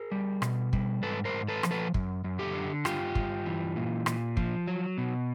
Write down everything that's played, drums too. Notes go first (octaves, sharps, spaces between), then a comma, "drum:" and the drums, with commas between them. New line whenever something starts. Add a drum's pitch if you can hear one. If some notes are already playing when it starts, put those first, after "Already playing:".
Already playing: G#4 A#4
G3
B2, drum: rim click
G3, drum: kick
G#2 A4 B4
A#4 C5
G#2
A4 B4
F3, drum: rim click
A4 B4
F#2, drum: kick
F#2
G4 A4
D3
G2 F4 G4, drum: rim click
G2, drum: kick
E3
A#2
A#2, drum: rim click
F3, drum: kick
F#3
B2